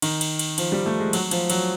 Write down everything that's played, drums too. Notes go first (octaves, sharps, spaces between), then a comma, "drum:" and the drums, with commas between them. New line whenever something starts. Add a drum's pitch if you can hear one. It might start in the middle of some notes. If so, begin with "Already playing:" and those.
D#3, drum: cymbal
drum: cymbal
drum: cymbal
F3, drum: cymbal
G3
A3
G#3
F#3, drum: cymbal
F3, drum: cymbal
F#3, drum: cymbal